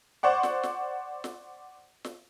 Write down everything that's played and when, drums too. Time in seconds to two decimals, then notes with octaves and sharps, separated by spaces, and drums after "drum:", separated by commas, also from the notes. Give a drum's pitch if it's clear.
0.23 C5 D5 F#5 C#6
0.43 drum: snare
0.63 drum: snare
1.24 drum: snare
2.05 drum: snare